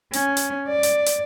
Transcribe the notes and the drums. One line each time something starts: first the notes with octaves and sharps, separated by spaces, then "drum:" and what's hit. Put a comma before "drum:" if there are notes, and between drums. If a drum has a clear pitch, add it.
C#4, drum: hi-hat
drum: hi-hat
D5
drum: hi-hat
drum: hi-hat